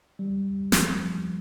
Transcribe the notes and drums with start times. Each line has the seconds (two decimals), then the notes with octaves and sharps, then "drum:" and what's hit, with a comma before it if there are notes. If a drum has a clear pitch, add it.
0.19 G3
0.72 F3, drum: snare